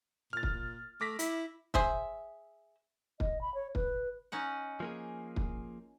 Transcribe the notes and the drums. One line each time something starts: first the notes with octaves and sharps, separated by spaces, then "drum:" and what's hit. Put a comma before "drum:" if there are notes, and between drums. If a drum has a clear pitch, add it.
A#2 F6 A6
drum: kick
A3 D6 A#6 B6
E4, drum: hi-hat
G#4 C5 E5, drum: kick
D#5, drum: kick
B5
C#5
B4, drum: kick
C#4 D#4 F#5
F3 A#3 G#4
drum: kick